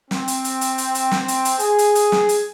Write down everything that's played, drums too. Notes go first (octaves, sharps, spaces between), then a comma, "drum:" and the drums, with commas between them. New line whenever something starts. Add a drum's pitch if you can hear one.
C4, drum: snare
drum: hi-hat
drum: hi-hat
drum: hi-hat
drum: hi-hat
drum: hi-hat
drum: snare
drum: hi-hat
drum: hi-hat
G#4, drum: hi-hat
drum: hi-hat
drum: hi-hat
drum: snare
drum: hi-hat